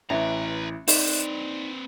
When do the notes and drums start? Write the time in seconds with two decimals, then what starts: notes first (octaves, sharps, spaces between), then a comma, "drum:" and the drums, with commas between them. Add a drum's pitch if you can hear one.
0.10 A1 E3 B4 E5 A#5
0.88 C4 D#4 B4 D5, drum: open hi-hat